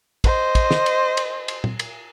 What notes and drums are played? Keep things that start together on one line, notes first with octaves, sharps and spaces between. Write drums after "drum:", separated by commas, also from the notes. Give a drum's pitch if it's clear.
C5 D#5, drum: kick, cymbal
drum: kick, cymbal
drum: snare
drum: cymbal
drum: cymbal
drum: cymbal
drum: tom A#2
drum: cymbal